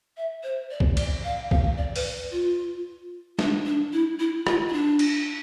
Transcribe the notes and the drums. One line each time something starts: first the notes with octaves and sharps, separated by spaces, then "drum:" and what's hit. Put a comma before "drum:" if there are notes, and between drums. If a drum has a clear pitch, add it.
E5
C5
D5
drum: kick B1
D5, drum: cymbal
F5
F5, drum: kick B1
D5
B4, drum: open hi-hat
F4
D4, drum: snare
D4
E4
E4
F4, drum: rim click
E4
D4
drum: cymbal